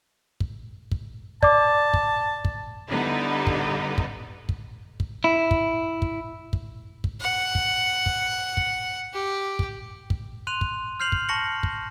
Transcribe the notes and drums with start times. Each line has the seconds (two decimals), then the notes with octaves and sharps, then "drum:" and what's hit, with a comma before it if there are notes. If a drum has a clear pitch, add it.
0.40 drum: kick
0.91 drum: kick
1.43 D5 A5 D6, drum: kick
1.94 drum: kick
2.45 drum: kick
2.89 D3 G3 B3 D#4 E4
3.47 drum: kick
3.98 drum: kick
4.49 drum: kick
5.00 drum: kick
5.24 E4
5.51 drum: kick
6.02 drum: kick
6.53 drum: kick
7.04 drum: kick
7.21 F#5
7.55 drum: kick
8.06 drum: kick
8.57 drum: kick
9.14 G4
9.59 drum: kick
10.10 drum: kick
10.47 C6 F#6 D#7 F7
10.61 drum: kick
11.00 F6 G6 C7 F7 F#7
11.12 drum: kick
11.29 A5 C#6 A#6 C#7 F#7
11.63 drum: kick